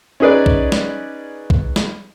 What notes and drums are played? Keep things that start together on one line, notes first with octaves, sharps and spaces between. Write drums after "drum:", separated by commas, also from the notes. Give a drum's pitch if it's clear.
C#4 D#4 G#4 B4 D5
drum: kick B1
drum: snare
drum: kick B1
drum: snare